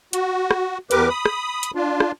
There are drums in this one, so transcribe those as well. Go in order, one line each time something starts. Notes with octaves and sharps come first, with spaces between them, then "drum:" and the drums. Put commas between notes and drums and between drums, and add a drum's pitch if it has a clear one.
F#4, drum: hi-hat
drum: rim click
E2 G4 A#4 B4 D6, drum: hi-hat
B5 D#6
drum: rim click
drum: hi-hat
D4 F4
drum: rim click